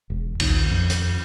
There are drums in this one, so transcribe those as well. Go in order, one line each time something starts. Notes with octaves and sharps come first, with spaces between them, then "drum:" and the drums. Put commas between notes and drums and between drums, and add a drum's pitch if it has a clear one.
E1
A#1 D#2 D#3, drum: cymbal
F2
drum: hi-hat